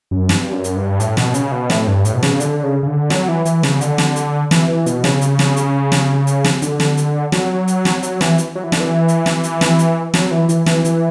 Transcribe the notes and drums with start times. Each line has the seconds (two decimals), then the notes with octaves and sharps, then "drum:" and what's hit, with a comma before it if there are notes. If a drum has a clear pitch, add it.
0.11 F#2
0.29 G2, drum: snare
0.52 F#2
0.64 drum: hi-hat
0.76 G2
1.00 A2, drum: hi-hat
1.17 B2, drum: snare
1.34 C#3, drum: hi-hat
1.52 B2
1.70 A2, drum: snare
1.87 G2
2.05 A2, drum: hi-hat
2.15 B2
2.23 C#3, drum: snare
2.40 D3, drum: hi-hat
2.63 C#3
2.83 C#3
2.87 D3
3.10 F#3, drum: snare
3.28 E3
3.45 E3, drum: hi-hat
3.63 C#3, drum: snare
3.81 D3, drum: hi-hat
3.98 drum: snare
4.16 drum: hi-hat
4.51 E3, drum: snare
4.68 E3
4.86 B2, drum: hi-hat
5.04 C#3, drum: snare
5.21 drum: hi-hat
5.39 drum: snare
5.56 drum: hi-hat
5.92 drum: snare
6.27 drum: hi-hat
6.44 drum: snare
6.62 D3, drum: hi-hat
6.80 drum: snare
6.97 drum: hi-hat
7.32 F#3, drum: snare
7.68 drum: hi-hat
7.85 drum: snare
8.03 F#3, drum: hi-hat
8.21 E3, drum: snare
8.38 drum: hi-hat
8.55 F#3
8.64 E3
8.72 D3, drum: snare
8.80 E3
9.08 drum: hi-hat
9.26 drum: snare
9.43 drum: hi-hat
9.61 drum: snare
9.79 drum: hi-hat
10.14 F#3, drum: snare
10.31 E3
10.49 E3, drum: hi-hat
10.66 E3, drum: snare
10.85 E3, drum: hi-hat